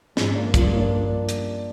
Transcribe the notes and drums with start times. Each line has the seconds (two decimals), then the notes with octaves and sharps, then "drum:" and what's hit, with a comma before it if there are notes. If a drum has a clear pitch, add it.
0.17 G#2 F3, drum: snare
0.35 A#3 D4
0.54 G2 F3, drum: kick, hi-hat
0.72 A#3 D4
1.29 drum: hi-hat